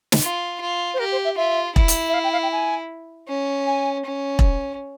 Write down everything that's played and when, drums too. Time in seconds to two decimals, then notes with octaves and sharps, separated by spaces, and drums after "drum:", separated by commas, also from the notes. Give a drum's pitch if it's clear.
0.12 drum: snare
0.23 F4
0.60 F4
0.94 C5
0.99 G4 A#4
1.12 C5
1.25 E5
1.37 F4 E5
1.76 E4, drum: kick E1
1.88 drum: hi-hat
2.09 E5
2.14 F5
2.24 G5
2.33 F5
2.43 G5
2.52 G#5
3.28 C#4
3.67 G#5
4.05 C#4
4.39 drum: kick E1